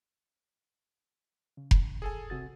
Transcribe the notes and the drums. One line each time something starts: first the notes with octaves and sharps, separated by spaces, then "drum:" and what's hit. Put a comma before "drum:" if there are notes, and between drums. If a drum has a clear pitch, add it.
C#3
drum: kick F1
G#4 A4 G#5
C3 F#4 A6